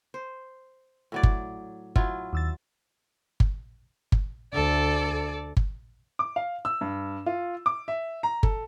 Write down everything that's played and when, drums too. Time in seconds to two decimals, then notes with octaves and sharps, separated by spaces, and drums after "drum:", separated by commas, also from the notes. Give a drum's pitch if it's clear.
0.14 C5
1.12 A2 F#3 D5
1.23 drum: kick G1
1.96 F#3 E4 F4, drum: kick G1
2.33 D#2 E6 A6
3.40 drum: kick G1
4.12 drum: kick G1
4.53 D2 A4 D5
5.57 drum: kick G1
6.19 D6
6.36 F5
6.65 E6
6.81 G2
7.26 F4
7.66 D6
7.88 E5
8.23 A#5
8.43 A4, drum: kick G1